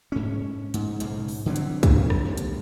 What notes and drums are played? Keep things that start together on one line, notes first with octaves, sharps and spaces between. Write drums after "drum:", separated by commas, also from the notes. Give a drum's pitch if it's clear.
G#2 C#4
G#2, drum: hi-hat
B1 G#2 C#3, drum: hi-hat
drum: open hi-hat
D3 E3 F#3 C4
drum: hi-hat
drum: kick, hi-hat
drum: rim click
D#2 G#2 C3
drum: hi-hat